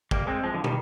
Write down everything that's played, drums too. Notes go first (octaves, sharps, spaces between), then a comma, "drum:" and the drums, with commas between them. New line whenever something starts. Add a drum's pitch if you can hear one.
G3 A#3, drum: kick
G#3 C4
F3 G#3
D3 F3
D#3 G3, drum: tom